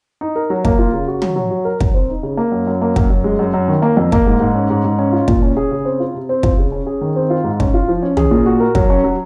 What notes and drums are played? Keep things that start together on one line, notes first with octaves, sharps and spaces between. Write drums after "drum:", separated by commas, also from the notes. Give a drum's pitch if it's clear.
D#4
A#4
F#3
A#3, drum: kick
F4
C#3
F#4
F#3, drum: tom
F#3
F#4
A#4
F#3, drum: kick
C4
D#4
C#3
A#3
F#2
F#2
A#3
F#2, drum: kick
F#2
G#3
F#2
F#2
D#3
A#3
F2
A#3, drum: kick
G#2
G#2
C#4
G#2
G#2
C#4
F4
A#2, drum: kick
C#4
G#4
C#3
C4
F4
C3
C4
F4, drum: kick
C#3
C#4
G#4
D#3
C4
F4
G#2
C#4, drum: kick
F4
F3
C#4
G#4, drum: tom
A#2
F#4
A#4
F#3, drum: kick
C#4
F#3